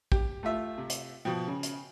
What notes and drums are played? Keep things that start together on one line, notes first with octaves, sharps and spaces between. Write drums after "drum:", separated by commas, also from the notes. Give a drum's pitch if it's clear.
G4, drum: kick
A3 F4 E5
C3
drum: hi-hat
B2 F3 G5
C#3
drum: hi-hat